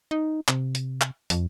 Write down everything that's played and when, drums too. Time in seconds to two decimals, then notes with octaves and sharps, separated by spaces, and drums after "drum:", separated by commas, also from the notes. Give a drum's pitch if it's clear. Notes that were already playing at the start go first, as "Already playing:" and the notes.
0.11 D#4
0.48 C3, drum: clap
0.75 drum: hi-hat
1.01 drum: clap
1.30 F2, drum: hi-hat